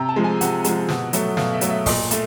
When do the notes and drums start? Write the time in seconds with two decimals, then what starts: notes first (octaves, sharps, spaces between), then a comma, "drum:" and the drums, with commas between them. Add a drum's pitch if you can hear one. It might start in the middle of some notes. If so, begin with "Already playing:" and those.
Already playing: C3 A#5
0.09 A5
0.16 F3 G#3
0.24 G#5
0.41 C3 F#5, drum: hi-hat
0.64 F3 G#3, drum: hi-hat
0.88 B2, drum: snare
1.13 F#3 A3, drum: hi-hat
1.37 B2 F5, drum: snare
1.53 E5
1.61 F#3 A3, drum: hi-hat
1.70 E5
1.86 A#2 D#5, drum: kick, open hi-hat
2.11 A3, drum: hi-hat